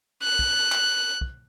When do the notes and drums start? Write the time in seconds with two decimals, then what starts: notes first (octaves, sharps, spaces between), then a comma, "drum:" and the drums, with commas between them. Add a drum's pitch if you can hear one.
0.23 F#6
0.39 drum: kick
0.72 drum: clap
1.21 drum: kick